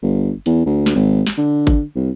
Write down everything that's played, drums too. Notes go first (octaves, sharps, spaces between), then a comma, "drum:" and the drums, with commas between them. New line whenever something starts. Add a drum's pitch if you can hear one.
G1
E2, drum: hi-hat
D2
drum: snare
G#1
drum: snare
D3
drum: kick G#1, hi-hat
C2